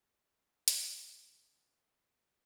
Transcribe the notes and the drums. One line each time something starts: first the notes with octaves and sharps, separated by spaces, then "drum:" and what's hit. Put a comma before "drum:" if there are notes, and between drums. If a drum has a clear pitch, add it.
F5
F#5, drum: hi-hat
G5
F#5
C5
A#4